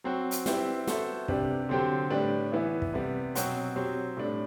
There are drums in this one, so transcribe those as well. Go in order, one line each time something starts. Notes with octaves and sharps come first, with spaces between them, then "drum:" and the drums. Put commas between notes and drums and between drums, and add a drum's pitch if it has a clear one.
F#3 C4 F#4
drum: hi-hat
G3 C4 E4 B4, drum: snare
B3 F#4 A4 C5 E5, drum: snare
C3 G3 D4 G4 B4, drum: kick
D3 F#3 C4 G4 C5
A2 G3 D4 G4 B4
E3 B3 E4
drum: kick
C3 G3 B3
B2 F#3 C4 F#4 C5, drum: hi-hat
F#3 C4 G4
A2 G3 D4